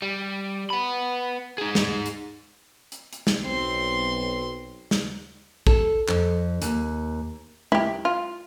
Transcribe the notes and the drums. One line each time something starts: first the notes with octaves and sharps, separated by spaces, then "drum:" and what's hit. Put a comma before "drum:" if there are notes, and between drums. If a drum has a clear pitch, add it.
G3
B3 B5
D#4 G#4
drum: snare
drum: hi-hat
drum: hi-hat
drum: hi-hat
drum: snare
B1 C4 C6
drum: snare
A4, drum: kick
F2, drum: clap
D#2, drum: hi-hat
E4 G4, drum: tom G#3
F4